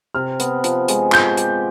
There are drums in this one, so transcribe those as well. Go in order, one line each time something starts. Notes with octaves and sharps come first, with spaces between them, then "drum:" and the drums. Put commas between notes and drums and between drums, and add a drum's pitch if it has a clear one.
C3 F6
B3, drum: hi-hat
F3, drum: hi-hat
G#3, drum: hi-hat
F3 G6, drum: clap
G4, drum: hi-hat